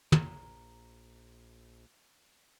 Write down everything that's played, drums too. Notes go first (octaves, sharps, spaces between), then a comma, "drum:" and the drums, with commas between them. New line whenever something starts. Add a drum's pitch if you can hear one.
A#1 A#4, drum: tom